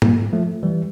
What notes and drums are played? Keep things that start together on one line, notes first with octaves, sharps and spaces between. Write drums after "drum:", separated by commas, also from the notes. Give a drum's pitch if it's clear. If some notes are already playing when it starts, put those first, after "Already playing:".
G3 A#3, drum: tom G#2
F3 A3
E3 G3